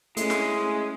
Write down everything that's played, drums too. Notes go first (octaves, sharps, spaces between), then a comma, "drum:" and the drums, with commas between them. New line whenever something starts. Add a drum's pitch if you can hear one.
G#3 A3 C#4 E4, drum: hi-hat
drum: snare